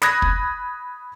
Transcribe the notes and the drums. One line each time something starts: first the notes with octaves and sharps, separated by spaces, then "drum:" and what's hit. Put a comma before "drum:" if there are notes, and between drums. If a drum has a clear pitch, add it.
B5 D#6 F#6 G#6 A#6, drum: snare
drum: kick